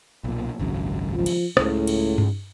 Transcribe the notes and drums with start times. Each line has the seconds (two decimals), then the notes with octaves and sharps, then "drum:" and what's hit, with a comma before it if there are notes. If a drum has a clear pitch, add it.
0.24 B1 A#2
0.60 G#1 C#2 F#2
1.15 F3
1.26 drum: cymbal
1.57 C#2 A2 C#3, drum: rim click
1.87 drum: cymbal
2.18 drum: tom G2